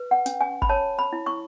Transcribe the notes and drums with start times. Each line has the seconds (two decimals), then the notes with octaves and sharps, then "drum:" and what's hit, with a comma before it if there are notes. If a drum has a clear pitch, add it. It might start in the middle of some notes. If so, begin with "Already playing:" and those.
Already playing: B4
0.11 F#5
0.26 C#4, drum: hi-hat
0.41 G#5
0.62 B5, drum: kick G1
0.69 C#5 A5
0.99 B5
1.13 E4
1.26 C#6